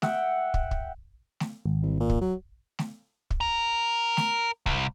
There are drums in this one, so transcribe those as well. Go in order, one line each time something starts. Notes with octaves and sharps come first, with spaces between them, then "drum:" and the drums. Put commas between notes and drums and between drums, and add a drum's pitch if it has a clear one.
E5 F#5 G5, drum: snare
drum: kick
drum: kick
drum: snare
G#1
C2
A#2
drum: kick
F#3
drum: snare
drum: kick
A#4 A#5
drum: snare
C2, drum: kick